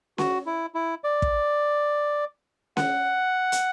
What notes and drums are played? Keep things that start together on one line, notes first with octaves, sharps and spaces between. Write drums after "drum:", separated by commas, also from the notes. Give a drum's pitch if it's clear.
F#4, drum: snare C#4
E4
E4
D5
drum: kick
F#5, drum: snare C#4
drum: hi-hat